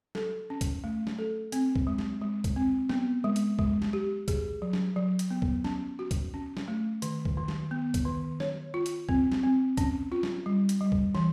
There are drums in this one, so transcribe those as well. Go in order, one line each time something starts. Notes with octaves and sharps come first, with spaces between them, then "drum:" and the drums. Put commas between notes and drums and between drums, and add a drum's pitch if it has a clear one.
A4, drum: snare
C#4
drum: kick, hi-hat
A3
drum: snare
A4
C4, drum: hi-hat
drum: kick
G#3
drum: snare
G#3
drum: kick, hi-hat
C4
B3, drum: snare
G#3
drum: hi-hat
G#3, drum: kick
drum: snare
G4
G#4, drum: kick, hi-hat
F#3
drum: snare
F#3
drum: hi-hat
B3
drum: kick
C#4, drum: snare
F#4
drum: kick, hi-hat
C#4
drum: snare
A3
D#3, drum: hi-hat
drum: kick
D#3
drum: snare
B3
drum: kick, hi-hat
D#3
C#5, drum: snare
F4
drum: hi-hat
C4, drum: kick
drum: snare
C4
C#4, drum: kick, hi-hat
F4
drum: snare
G3
drum: hi-hat
G3
drum: kick
E3, drum: snare